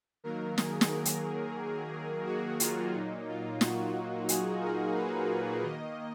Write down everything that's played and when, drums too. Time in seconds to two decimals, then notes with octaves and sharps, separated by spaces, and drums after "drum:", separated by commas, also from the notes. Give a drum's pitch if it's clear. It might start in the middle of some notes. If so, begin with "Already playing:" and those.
0.24 D#3 F#3 A#3 A#4
0.58 G#4, drum: snare
0.81 drum: snare
0.92 G#4
1.05 drum: hi-hat
2.26 F#4
2.60 F4, drum: hi-hat
2.94 A#2 F#3 A#3 D#4
3.28 F4
3.61 F#4, drum: snare
4.29 G#4, drum: hi-hat
4.62 A#4
4.95 B4
5.63 D#3 A#3 D#5